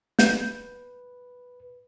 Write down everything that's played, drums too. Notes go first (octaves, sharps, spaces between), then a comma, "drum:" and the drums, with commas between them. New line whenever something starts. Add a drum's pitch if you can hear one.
B4 G6, drum: snare